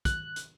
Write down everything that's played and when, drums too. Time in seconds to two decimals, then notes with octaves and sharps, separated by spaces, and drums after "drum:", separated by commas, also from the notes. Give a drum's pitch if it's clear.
0.05 F#6, drum: kick, hi-hat
0.36 drum: hi-hat